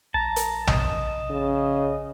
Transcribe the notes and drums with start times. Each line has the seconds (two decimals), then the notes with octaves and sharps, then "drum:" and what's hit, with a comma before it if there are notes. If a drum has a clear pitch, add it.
0.14 A#1 A5 A#5
0.36 drum: hi-hat
0.67 D#5, drum: tom A#1
1.30 C#3